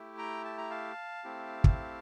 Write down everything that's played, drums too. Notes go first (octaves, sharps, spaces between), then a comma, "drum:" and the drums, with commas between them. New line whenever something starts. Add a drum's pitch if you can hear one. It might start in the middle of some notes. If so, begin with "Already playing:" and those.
Already playing: A3 E4 G4
G5 A#5
A5
A#5
F5 A5
A3 C4 E4 G4
drum: kick